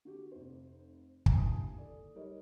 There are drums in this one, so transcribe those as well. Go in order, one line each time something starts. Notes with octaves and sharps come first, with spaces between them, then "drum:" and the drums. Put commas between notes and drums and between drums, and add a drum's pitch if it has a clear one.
D3 F#4 G4
F1 C5
drum: kick
D#2 D3 E3 G#5 A5 D#6
A4 D5
G3 D#4 A#4 C#5 D#5